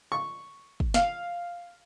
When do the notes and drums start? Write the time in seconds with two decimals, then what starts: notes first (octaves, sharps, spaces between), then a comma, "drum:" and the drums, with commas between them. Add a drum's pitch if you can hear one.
0.12 C#6
0.80 drum: kick
0.94 F5, drum: snare